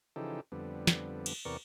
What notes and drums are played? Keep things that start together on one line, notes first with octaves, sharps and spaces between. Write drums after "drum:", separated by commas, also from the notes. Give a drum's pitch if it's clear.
C#3 E3 F3 D#4 G4 A4
F2 D3 G3 B3
drum: snare
drum: cymbal
E2 C3 B3 A#4 D5 C#6